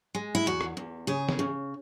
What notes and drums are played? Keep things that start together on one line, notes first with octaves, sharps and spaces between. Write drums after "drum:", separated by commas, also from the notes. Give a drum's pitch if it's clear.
G#3
E4
E2 F#4
drum: rim click
E2
C#3 G#4
drum: snare
C#3